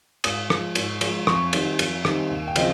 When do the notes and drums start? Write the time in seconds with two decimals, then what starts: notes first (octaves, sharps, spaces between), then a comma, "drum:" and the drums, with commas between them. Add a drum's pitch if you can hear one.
0.24 G#2 D#6, drum: cymbal
0.50 F3 G#3, drum: rim click
0.75 G#2, drum: cymbal
1.01 F3 G#3, drum: cymbal
1.27 F2 C#6, drum: rim click
1.53 D#3 G3 C4 D#4, drum: cymbal
1.79 F2, drum: cymbal
2.05 D#3 G3 C4 D#4, drum: rim click
2.31 D#2
2.48 G5
2.56 C#3 F3 C4 D#5, drum: cymbal